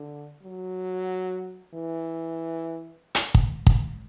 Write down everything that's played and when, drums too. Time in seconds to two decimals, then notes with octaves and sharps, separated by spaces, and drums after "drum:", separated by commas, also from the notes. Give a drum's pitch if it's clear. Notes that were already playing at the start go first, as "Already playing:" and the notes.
Already playing: D3
0.43 F#3
1.74 E3
3.15 drum: hi-hat
3.34 drum: kick
3.66 drum: kick